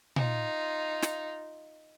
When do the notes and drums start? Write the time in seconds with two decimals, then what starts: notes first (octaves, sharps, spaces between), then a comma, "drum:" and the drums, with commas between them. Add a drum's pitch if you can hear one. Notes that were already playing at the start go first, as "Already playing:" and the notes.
0.16 D#4 F4, drum: tom A#2
1.02 drum: snare